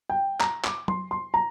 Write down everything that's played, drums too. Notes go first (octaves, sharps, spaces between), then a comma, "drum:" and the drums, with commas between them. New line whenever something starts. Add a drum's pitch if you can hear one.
G5
A#5, drum: clap
D6, drum: clap
C6, drum: tom F#3
C6
A#5